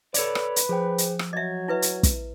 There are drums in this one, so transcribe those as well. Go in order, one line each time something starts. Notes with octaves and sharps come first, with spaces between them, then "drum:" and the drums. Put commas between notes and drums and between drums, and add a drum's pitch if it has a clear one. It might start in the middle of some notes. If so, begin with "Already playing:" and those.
A4 B4 C#5 D5, drum: hi-hat
drum: rim click
drum: hi-hat
F3 G#4 C5 G5
drum: hi-hat
drum: rim click
F#3 D#5 E5 G#6
E4 B4 E5
drum: hi-hat
drum: kick, hi-hat